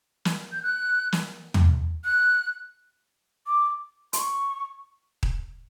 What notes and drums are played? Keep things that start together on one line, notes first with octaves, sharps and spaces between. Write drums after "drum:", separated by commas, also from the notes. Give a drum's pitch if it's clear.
drum: snare
G6
F#6
drum: snare
drum: tom
F#6
D6
C6, drum: hi-hat
C#6
drum: kick D#1